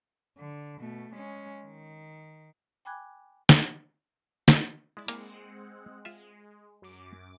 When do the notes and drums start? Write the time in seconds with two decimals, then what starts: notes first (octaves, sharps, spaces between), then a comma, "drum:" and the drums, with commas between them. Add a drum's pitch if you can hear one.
0.38 D3
0.79 B2 A3
1.14 G#3 C#4
1.65 D#3
2.85 G5 G#5 B5 D6 F#6 G#6
3.49 drum: snare
4.48 drum: snare
4.97 G#3 E4 D5
5.08 G#3 A#3 C4 F#5, drum: hi-hat
6.05 G#3 F4 E5
6.82 F#2 D6